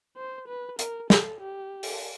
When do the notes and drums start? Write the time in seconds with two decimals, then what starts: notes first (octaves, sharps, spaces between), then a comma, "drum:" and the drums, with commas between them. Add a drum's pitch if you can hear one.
0.17 C5
0.48 B4
0.79 A#4, drum: hi-hat
1.10 A4, drum: snare
1.40 G4
1.83 drum: open hi-hat